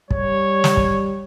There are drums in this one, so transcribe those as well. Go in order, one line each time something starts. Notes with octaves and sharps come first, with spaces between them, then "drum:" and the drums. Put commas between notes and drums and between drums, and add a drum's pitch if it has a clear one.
G3 C#5, drum: kick
drum: snare
drum: kick